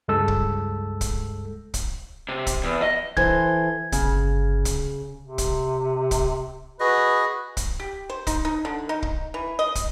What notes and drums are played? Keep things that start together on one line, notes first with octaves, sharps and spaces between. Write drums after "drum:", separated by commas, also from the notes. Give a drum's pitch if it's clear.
C#2 G2 G#3 A4 E6
drum: kick
drum: kick, hi-hat
drum: kick, hi-hat
C3
drum: kick, hi-hat
E2
D#5
E3 A4 C5 G#6, drum: kick
G1 C#3, drum: kick, hi-hat
drum: kick, hi-hat
C3
drum: kick, hi-hat
drum: kick, hi-hat
F#4 G#4 B4 D#5
drum: kick, hi-hat
G4
C5
D#4, drum: kick, hi-hat
D#4
D3
D#4
drum: kick
E3
D#5
drum: kick, hi-hat